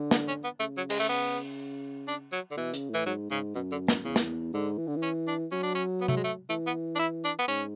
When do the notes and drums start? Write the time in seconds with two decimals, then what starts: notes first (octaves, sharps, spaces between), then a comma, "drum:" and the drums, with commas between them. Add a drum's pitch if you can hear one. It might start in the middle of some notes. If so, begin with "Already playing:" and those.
Already playing: D3
0.11 B3, drum: snare
0.28 C#4
0.44 B3
0.60 C#3 A3
0.77 F#3
0.90 G#3, drum: cymbal
0.99 A3
1.09 B3
2.08 D4
2.32 F#3
2.51 D3
2.57 B2 E3
2.74 C#3, drum: hi-hat
2.90 A2 E3
3.06 G#2 F#3
3.30 G#2 C#3
3.55 F#2 B2
3.72 D3
3.88 B2, drum: snare
4.05 E2 C#3
4.16 drum: snare
4.53 G#2 D3
4.78 E3
4.87 D3
4.96 E3
5.02 C#4
5.27 D4
5.52 F#3 C#4
5.63 D4
5.75 C#4
6.01 B3
6.08 A3, drum: tom C3
6.17 G#3
6.24 A3
6.50 E3 A3
6.67 B3
6.96 D4
6.99 E4
7.25 D4
7.39 B3
7.48 G#2 C#4